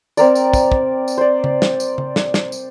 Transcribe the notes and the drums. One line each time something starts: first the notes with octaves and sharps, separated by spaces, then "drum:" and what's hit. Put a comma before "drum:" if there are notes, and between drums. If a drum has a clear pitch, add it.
C4 A#4 D5, drum: tambourine
drum: tambourine
drum: kick, tambourine
drum: kick
drum: tambourine
C5 D5
drum: tom C#3
drum: snare
drum: tambourine
drum: tom C#3
drum: snare
drum: snare
drum: tambourine